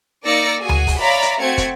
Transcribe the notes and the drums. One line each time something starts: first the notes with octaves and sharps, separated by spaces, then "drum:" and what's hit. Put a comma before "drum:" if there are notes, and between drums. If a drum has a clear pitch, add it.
A#3 D#4 D5 E6 A#6 C#7
F#4 G#4 G#5
drum: tom D2
drum: kick, open hi-hat
C#5 D5 E5 F5 A#5 B5
drum: hi-hat
A3 C4 F#4 G#6 C#7
drum: kick, hi-hat